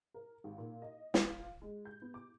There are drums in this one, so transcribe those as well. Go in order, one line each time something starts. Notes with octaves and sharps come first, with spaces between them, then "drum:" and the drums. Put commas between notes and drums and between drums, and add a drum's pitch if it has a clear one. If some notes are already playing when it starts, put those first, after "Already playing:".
A#4
G#1
A#2
D#5
F4, drum: snare
G#3
G6
B3
D6